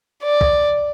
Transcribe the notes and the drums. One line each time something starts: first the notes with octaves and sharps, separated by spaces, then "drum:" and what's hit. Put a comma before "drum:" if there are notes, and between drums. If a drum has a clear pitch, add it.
D5
drum: kick B1